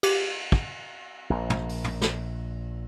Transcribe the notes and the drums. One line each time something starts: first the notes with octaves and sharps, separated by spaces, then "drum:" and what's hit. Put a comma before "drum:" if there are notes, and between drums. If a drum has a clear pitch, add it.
G4, drum: cymbal
drum: kick
A#1 A#2
drum: tom
drum: open hi-hat
drum: tom
drum: snare